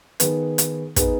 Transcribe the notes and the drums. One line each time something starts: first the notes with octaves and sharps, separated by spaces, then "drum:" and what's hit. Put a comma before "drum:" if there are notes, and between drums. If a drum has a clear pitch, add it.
D#3 B3 G#4 B4, drum: hi-hat
drum: hi-hat
B3 D#4 G#4 B4, drum: kick, hi-hat